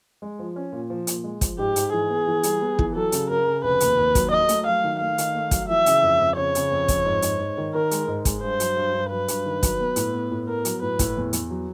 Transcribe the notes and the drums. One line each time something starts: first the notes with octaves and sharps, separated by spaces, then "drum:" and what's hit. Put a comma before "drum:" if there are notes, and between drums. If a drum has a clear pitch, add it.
G#3
F3
C#4
A#2
F3
A#2, drum: hi-hat
G#3
F3, drum: kick, hi-hat
G#2 G4
G#2, drum: hi-hat
E3 G#4
B3
E3
G3, drum: hi-hat
B3
E3, drum: kick
F#3 A4
C#3, drum: hi-hat
C#3 A#4
C#3
F1 B4
D#2, drum: hi-hat
D#2
F#3, drum: kick, hi-hat
F#3 D#5
A3, drum: hi-hat
F#3 F5
D#3
A3 F5
D#3, drum: hi-hat
A3
F#3, drum: kick, hi-hat
E3 E5
C#3, drum: hi-hat
F2
F2
C#3 C#5
C#3, drum: hi-hat
F2
F2, drum: kick, hi-hat
G#2
G#2, drum: hi-hat
G#2
D#3
D#3 A#4
G#3, drum: hi-hat
G#2
G#3, drum: kick, hi-hat
G2 C5
F#3, drum: hi-hat
G2
G2
F#3 B4
G2, drum: hi-hat
D#3
F#3, drum: kick, hi-hat
B3
A2, drum: hi-hat
B3
A2
B3 A#4
F#3, drum: hi-hat
A2 B4
A2, drum: kick, hi-hat
E2
E2, drum: hi-hat
F#3